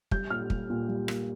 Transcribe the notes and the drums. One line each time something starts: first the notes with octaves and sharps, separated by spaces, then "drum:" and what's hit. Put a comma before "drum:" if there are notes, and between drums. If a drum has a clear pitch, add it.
G3 G6, drum: kick
A#2 F6
G3, drum: kick
A#2
G3
A#3, drum: rim click